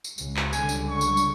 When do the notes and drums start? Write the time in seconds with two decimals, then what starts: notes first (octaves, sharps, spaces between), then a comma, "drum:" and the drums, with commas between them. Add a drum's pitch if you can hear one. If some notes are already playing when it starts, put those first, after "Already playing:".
0.04 drum: tambourine
0.18 C#2, drum: tambourine
0.37 drum: clap
0.53 C#2 D3 G3 G#5, drum: tambourine
0.69 drum: tambourine
0.90 C#6
1.01 drum: tambourine
1.17 drum: tambourine